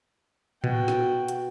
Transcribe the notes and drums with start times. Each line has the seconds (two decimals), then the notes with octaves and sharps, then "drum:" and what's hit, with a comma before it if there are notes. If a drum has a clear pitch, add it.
0.64 B2 F#4 G5, drum: tom A2
0.88 drum: snare
1.28 drum: hi-hat